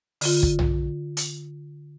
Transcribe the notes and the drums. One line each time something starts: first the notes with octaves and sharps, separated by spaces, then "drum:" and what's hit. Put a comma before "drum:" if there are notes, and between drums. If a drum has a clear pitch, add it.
D3 F4, drum: open hi-hat
drum: kick
drum: tom B1
drum: hi-hat